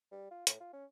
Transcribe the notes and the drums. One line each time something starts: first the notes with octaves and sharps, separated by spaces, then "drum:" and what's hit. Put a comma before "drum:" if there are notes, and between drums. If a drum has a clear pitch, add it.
G3
F4
A2, drum: hi-hat
F4
C#4